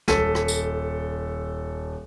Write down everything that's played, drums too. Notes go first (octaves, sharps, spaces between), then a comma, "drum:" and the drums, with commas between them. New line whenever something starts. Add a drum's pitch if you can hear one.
D#1 A4 B6 D#7, drum: snare
drum: rim click
drum: tambourine